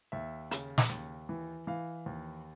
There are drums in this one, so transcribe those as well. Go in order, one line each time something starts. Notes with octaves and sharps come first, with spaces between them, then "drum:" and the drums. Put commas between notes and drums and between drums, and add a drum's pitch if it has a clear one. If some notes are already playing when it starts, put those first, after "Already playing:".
D#2 E5
C#3, drum: hi-hat
drum: snare
D#2
E3
E3 F5
D#2